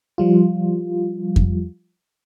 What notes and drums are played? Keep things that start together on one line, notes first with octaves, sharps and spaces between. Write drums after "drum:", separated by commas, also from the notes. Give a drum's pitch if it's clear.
F3 G3 F4
drum: kick F2